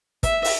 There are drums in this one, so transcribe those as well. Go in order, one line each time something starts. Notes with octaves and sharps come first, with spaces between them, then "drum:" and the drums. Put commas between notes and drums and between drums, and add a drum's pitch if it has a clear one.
E5, drum: kick, hi-hat
drum: open hi-hat